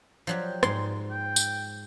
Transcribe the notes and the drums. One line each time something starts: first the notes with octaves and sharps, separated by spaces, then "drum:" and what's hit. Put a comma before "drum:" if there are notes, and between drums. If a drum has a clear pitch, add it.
F3 F#3 G4
G#2 C6, drum: rim click
G5
drum: tambourine